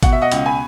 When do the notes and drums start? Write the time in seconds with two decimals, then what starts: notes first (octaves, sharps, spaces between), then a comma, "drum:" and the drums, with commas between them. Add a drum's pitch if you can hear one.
0.03 B2 F#5, drum: kick G#1, hi-hat
0.12 E5
0.22 D#5 F#5
0.32 C#2, drum: hi-hat
0.46 G#5 B5